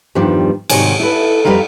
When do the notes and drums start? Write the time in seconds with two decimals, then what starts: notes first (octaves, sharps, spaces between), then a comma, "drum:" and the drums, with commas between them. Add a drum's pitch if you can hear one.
0.15 E2 G2 D#3 F3 G3 D4
0.70 G#2 C3 D#3 F#4 C#5 G#5, drum: cymbal
1.00 E4 A4 B4
1.45 F2 F#3 G3 B4 F5 A#5